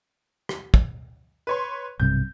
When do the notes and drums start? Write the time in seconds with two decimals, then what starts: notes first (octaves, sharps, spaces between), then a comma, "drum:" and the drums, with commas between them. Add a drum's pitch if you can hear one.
0.49 drum: rim click
0.74 drum: kick
1.47 B4 C#5 C6
2.00 B1 G2 C3 G6